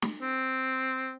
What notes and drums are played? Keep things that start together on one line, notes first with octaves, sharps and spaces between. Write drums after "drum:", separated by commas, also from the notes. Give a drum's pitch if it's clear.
drum: snare
C4